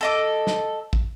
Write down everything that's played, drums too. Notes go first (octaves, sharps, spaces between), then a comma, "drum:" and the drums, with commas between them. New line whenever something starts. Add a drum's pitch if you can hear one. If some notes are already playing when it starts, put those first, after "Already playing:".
A4 D#5 D6
drum: snare
drum: kick